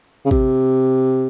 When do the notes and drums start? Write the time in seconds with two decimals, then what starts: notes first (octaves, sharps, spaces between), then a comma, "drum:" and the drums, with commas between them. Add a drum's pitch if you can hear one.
0.25 C#3
0.31 C3, drum: kick